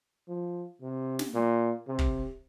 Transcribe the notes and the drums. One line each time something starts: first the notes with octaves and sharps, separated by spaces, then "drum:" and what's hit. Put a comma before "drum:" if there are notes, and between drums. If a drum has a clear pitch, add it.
F3
C3
drum: snare
A#2
C3
drum: kick